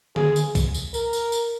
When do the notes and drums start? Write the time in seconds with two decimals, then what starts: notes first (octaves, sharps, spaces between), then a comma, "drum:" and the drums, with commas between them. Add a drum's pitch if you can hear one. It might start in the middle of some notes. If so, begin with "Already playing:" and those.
0.16 G#4, drum: tom
0.36 drum: tambourine
0.55 drum: kick B1, tambourine
0.74 drum: tambourine
0.94 A#4, drum: tambourine
1.13 drum: tambourine
1.32 drum: tambourine